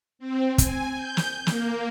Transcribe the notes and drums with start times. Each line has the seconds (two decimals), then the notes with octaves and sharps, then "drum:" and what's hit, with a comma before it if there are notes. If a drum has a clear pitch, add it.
0.19 C4
0.58 G#5, drum: kick, hi-hat
0.94 G6
1.17 drum: snare
1.47 A#3, drum: snare